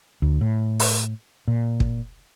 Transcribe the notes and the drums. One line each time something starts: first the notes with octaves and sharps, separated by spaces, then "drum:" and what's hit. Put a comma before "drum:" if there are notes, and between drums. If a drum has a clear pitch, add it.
D2
A2
drum: open hi-hat
A#2
drum: kick